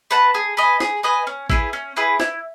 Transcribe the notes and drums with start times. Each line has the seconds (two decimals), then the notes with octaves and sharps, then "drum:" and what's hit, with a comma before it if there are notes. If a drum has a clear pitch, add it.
0.11 B4 F#5 A5
0.34 G#4
0.57 B4 D#5 G#5
0.80 G#4, drum: snare
1.03 B4 D#5 G#5
1.27 C#4
1.50 E4 G#4 B4, drum: kick G#1
1.73 C#4
1.97 E4 G#4 B4
2.20 E4, drum: snare